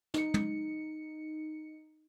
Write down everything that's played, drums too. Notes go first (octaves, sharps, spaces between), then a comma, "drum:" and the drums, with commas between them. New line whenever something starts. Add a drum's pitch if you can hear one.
D#4 C#7, drum: snare
drum: tom